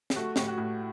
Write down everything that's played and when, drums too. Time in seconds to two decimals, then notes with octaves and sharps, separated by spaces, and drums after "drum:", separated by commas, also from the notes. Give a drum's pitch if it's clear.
0.10 G4, drum: snare
0.16 A3 F#4
0.36 A2 G4, drum: snare
0.48 F#4
0.58 A2